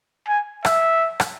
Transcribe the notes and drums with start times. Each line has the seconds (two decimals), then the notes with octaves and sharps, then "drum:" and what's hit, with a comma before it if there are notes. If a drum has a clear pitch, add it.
0.28 G#5
0.65 E5, drum: rim click
1.20 drum: rim click